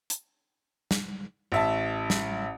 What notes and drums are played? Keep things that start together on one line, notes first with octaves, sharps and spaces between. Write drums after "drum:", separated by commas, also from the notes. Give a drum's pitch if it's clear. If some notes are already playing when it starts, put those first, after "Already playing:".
drum: hi-hat
drum: snare
A1 E5 A5
drum: snare